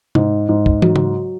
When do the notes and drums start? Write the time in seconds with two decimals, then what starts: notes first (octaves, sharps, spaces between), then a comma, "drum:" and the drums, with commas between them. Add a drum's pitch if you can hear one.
0.15 G#2, drum: tom C3
0.49 G#2
0.66 drum: kick
0.82 F#3, drum: tom
0.96 drum: tom C#3